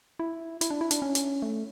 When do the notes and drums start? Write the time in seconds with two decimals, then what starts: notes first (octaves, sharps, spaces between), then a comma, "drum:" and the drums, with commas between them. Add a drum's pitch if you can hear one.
0.19 E4
0.61 E4, drum: hi-hat
0.70 D4
0.81 E4
0.91 D4, drum: hi-hat
1.02 C#4
1.15 drum: hi-hat
1.42 A3